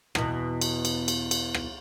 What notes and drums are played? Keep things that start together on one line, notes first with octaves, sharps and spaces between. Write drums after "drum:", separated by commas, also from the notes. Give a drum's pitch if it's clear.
E2 B2, drum: rim click
drum: cymbal
drum: cymbal
drum: cymbal
drum: cymbal
drum: rim click